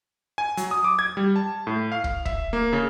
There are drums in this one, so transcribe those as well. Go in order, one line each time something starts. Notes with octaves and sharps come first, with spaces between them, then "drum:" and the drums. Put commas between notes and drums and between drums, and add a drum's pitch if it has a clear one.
G#5
F#3, drum: hi-hat
D#6
D6
G#6
G3
A5
A2
F5
drum: kick
E5, drum: kick
A#3
C#3